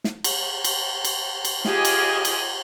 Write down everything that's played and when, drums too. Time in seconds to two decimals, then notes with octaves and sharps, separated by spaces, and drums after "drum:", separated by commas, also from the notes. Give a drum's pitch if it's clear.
0.04 drum: snare
0.24 drum: cymbal
0.64 drum: cymbal
1.05 drum: cymbal
1.45 drum: cymbal
1.65 F4 G4 G#4 D#5 G#5, drum: snare
1.85 drum: cymbal
2.25 drum: cymbal